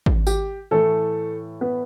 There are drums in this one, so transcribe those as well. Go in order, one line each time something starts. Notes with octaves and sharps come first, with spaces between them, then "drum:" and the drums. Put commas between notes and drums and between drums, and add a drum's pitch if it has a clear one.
drum: kick G#1
G4, drum: tambourine
A2 E3 A3 A4
B3 B4